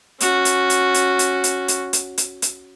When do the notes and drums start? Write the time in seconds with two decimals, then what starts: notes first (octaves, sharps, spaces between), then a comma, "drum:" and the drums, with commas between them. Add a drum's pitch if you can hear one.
0.20 C#4 F#4, drum: hi-hat
0.45 drum: hi-hat
0.70 drum: hi-hat
0.94 drum: hi-hat
1.19 drum: hi-hat
1.44 drum: hi-hat
1.68 drum: hi-hat
1.93 drum: hi-hat
2.18 drum: hi-hat
2.42 drum: hi-hat